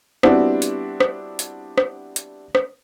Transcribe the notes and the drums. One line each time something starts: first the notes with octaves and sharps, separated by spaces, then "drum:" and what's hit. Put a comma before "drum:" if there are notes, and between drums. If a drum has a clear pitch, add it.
G3 B3 C4 D4 E4 F#4, drum: rim click
drum: hi-hat
drum: rim click
drum: hi-hat
drum: rim click
drum: hi-hat
drum: rim click